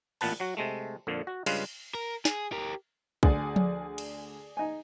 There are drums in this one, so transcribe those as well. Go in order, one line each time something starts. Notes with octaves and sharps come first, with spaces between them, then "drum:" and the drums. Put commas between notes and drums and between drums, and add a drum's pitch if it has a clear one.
A1 A#2 B3 B4 A5, drum: cymbal
F#3 F#4
C3 G#3 A3
F2 A#2 D3
F#4
G2 C#3 G#3 F4 B4, drum: cymbal
A#4
G#4, drum: snare
G4 A#4
D2 G#4 D5, drum: kick
drum: tom F3
drum: cymbal
D#4 G#5